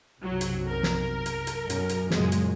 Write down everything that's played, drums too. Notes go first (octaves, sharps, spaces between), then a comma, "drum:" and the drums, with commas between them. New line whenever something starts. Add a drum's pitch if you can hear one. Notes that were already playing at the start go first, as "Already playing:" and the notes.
B1 F#2 C3 F#3
drum: hi-hat
A#4
drum: snare
drum: hi-hat
drum: hi-hat
F#2 B2, drum: hi-hat
drum: hi-hat
F#2 A#2 C#3 G#3, drum: snare
drum: hi-hat